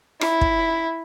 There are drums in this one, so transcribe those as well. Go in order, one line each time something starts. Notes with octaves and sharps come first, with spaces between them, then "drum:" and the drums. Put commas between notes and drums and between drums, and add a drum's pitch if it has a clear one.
E4, drum: rim click
drum: kick